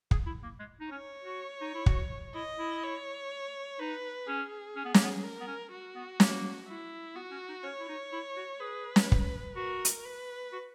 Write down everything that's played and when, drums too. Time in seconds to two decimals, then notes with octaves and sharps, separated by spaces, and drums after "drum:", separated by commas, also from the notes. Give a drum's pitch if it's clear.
0.11 G#4, drum: kick
0.26 E4
0.43 A#3
0.59 G#3
0.80 D#4
0.91 C#4 C#5
1.22 F#4
1.61 D#4
1.75 E4
1.86 F#4, drum: kick
2.34 E4 D#5
2.59 E4
2.83 C#5
3.79 D#4 B4
4.27 C#4 G#4
4.76 C#4
4.85 B3
4.94 A#3, drum: snare
5.03 B3
5.23 A#4
5.40 B3
5.47 C#4
5.72 F#4
5.95 B3
6.20 A#3, drum: snare
6.68 E4
7.15 B3 F#4
7.31 C#4
7.48 D#4
7.63 C#4 C#5
7.80 E4
7.88 D#4
8.12 E4
8.36 F#4
8.60 G#4 B4
8.96 drum: snare
9.12 drum: kick
9.56 F#4 A#4
9.85 drum: hi-hat
10.05 B4
10.52 F#4